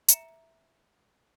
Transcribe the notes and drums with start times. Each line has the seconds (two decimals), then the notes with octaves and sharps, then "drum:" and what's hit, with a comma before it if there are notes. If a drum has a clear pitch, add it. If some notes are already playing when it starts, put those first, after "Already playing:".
0.08 E5 A#5 C#7 E7, drum: hi-hat